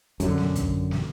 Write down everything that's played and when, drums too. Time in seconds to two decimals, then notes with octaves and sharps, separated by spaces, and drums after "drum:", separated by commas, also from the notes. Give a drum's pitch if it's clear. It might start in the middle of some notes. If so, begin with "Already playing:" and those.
0.20 F#2 D3, drum: hi-hat
0.38 drum: snare
0.55 drum: kick, hi-hat
0.91 drum: snare